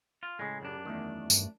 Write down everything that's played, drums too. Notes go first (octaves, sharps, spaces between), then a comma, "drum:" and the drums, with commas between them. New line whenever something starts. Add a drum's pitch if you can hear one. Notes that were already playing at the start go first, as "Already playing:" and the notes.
F4
A2 C#3 G#3
F#2 D4 G4
E2 D#3 A3
G2, drum: tambourine